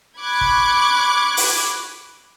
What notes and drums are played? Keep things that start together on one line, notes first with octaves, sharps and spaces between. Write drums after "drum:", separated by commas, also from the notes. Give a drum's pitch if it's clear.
B5 C#6 D6 F#6 G#6
drum: kick
drum: open hi-hat